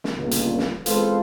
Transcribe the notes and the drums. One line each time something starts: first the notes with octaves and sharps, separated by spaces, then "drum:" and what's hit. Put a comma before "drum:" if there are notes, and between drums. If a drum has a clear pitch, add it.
drum: snare
G1 C#2 A#2
drum: hi-hat
drum: snare
E2 G#3 C4 F4 A4 B4, drum: hi-hat